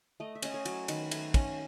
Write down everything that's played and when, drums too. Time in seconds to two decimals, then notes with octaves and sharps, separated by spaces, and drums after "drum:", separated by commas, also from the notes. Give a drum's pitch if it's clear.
0.20 A3 D#5
0.35 E5
0.43 C#4 D#5, drum: cymbal
0.54 C#5
0.65 F#3, drum: cymbal
0.88 D#3 B4, drum: cymbal
1.11 A3, drum: cymbal
1.34 C#4, drum: kick, cymbal